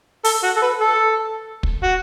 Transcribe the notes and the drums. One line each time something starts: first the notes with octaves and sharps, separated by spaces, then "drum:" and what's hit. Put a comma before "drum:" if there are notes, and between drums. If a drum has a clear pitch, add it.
A4, drum: open hi-hat
F#4
A4
B4
A4
drum: kick
F#4